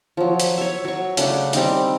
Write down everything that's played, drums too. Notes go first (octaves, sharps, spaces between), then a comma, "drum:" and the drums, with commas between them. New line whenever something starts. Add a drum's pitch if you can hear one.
F3 F#3
drum: hi-hat
C#5 E5
F#3 C#6
C#3 A3 D4 F#5, drum: hi-hat
G3 C4 D#4 A#5, drum: hi-hat